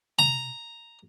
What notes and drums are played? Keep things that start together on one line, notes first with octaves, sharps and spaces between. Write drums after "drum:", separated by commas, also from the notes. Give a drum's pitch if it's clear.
A#5, drum: tom C3